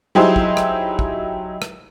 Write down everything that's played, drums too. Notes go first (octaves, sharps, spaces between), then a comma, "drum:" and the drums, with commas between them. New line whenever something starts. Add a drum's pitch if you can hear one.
F#3 D#4 E4 G4 G#4 C5
drum: kick
drum: rim click
drum: kick
drum: rim click